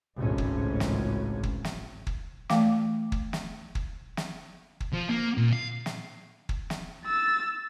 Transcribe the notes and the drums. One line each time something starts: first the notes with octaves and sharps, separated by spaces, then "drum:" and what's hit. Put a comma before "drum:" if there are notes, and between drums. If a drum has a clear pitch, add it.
G#1 C#2 A2 C#4
drum: kick
drum: snare
drum: kick
drum: snare
drum: kick
E3 A3 F5 G5 D6, drum: snare
drum: kick
drum: snare
drum: kick
drum: snare
drum: kick
F3
A#3
A#2
F5
drum: snare
drum: kick
drum: snare
E6 A6